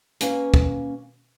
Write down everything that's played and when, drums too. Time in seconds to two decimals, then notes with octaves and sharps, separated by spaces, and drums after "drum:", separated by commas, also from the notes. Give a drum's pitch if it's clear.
0.21 A#3 C#4 F#4 B4 F5, drum: hi-hat
0.54 drum: kick